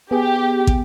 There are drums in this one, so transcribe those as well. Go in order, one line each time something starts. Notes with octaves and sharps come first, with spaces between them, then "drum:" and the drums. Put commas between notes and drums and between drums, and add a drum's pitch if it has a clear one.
B3 G4 G#4
drum: kick